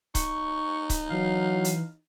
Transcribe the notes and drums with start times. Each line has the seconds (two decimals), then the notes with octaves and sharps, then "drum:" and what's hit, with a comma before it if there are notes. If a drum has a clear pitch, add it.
0.15 D#4 C#6, drum: kick C#1, hi-hat
0.90 drum: kick C#1, hi-hat
1.11 E3 F#3 F5
1.64 drum: hi-hat